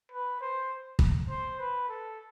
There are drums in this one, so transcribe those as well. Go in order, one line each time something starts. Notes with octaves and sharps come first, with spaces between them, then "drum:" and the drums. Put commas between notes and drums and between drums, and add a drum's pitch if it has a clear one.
B4
C5
drum: kick
C5
B4
A4